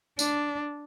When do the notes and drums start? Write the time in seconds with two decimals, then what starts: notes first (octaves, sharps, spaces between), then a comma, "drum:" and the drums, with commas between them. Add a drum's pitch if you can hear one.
0.19 D4, drum: tambourine